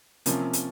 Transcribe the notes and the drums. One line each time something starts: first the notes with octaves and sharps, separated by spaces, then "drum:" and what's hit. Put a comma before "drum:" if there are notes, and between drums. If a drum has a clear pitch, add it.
C3 F3 A#3 C#4, drum: hi-hat
drum: hi-hat